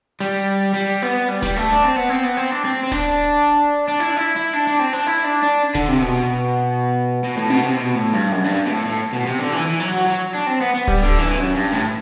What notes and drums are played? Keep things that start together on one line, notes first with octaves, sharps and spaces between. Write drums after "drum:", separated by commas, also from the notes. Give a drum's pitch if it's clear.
G3, drum: open hi-hat
G3
B3
G3
G3, drum: snare D#1
A3
D4
C4
B3
C4
B3
C4
D4
C4
C4
D4, drum: snare D#1
D4
E4
D4
E4
E4
D4
D4
C4
D4
E4
D4
D4
D3, drum: snare D#1
C3
B2
B2
A2
B2, drum: tom C4
C3
B2
A2
G2
F#2
G2
B2
A2
A2
B2
C3
D3
E3
E3
F#3
F#3
F#3
D4
C4
B3
B3
G3, drum: kick D1
D3
E3
G2
F#2
G2
A2